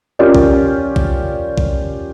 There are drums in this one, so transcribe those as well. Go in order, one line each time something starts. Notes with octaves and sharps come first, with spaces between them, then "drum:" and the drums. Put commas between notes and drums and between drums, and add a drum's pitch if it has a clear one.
C#4 F4 G4 A#4 D5
drum: kick A#1
drum: kick A#1
drum: kick A#1